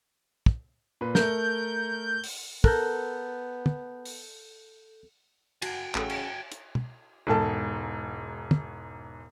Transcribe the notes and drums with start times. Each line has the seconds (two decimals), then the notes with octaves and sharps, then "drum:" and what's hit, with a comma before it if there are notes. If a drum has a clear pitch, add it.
0.46 drum: kick
1.01 A#2 B4
1.15 A3 A#4 G6, drum: snare
2.24 drum: open hi-hat
2.64 B3 A4 A#4 F#6 G6, drum: kick
3.66 drum: tom
4.06 drum: open hi-hat
5.62 F#4 G5 G#5, drum: cymbal
5.95 A1 C#3 C#4 A4, drum: clap
6.10 drum: cymbal
6.52 drum: hi-hat
6.75 drum: tom
7.27 E1 G#2 A4 A5
8.51 drum: tom